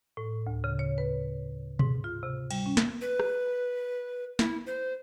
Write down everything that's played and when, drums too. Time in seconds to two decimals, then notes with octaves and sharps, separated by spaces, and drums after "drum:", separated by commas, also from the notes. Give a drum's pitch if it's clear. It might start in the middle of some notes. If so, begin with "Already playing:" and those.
0.17 A2
0.47 D2
0.64 C#3
0.79 C#5
0.98 B4
1.79 G#2, drum: tom B2
2.04 F4
2.23 C3
2.51 G3, drum: cymbal
2.66 C#4
2.77 drum: snare
3.01 B4
3.20 drum: rim click
4.39 E4, drum: snare
4.66 C5